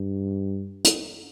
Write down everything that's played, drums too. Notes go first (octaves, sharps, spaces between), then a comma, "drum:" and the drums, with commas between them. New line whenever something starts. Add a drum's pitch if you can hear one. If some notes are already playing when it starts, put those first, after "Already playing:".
Already playing: G2
drum: hi-hat